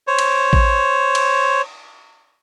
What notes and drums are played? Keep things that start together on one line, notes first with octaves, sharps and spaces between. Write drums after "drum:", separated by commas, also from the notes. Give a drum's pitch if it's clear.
C5 C#5
drum: cymbal
drum: kick A1
drum: cymbal